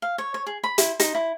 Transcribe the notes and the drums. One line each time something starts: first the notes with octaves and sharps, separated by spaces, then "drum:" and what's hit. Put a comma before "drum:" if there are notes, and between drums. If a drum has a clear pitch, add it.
F5
C#5
C#5
G#4
B5
E4, drum: hi-hat
D#4, drum: hi-hat
E4